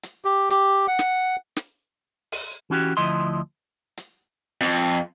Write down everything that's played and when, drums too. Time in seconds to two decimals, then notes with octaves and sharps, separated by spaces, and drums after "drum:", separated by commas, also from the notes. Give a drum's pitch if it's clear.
0.03 drum: hi-hat
0.25 G4
0.50 G4, drum: hi-hat
0.88 F#5
0.99 drum: snare
1.56 drum: snare
2.32 drum: open hi-hat
2.70 E3 C#4 F#4 G4
2.97 D2 F3 E4 D#5 C6
3.97 drum: hi-hat
4.61 F2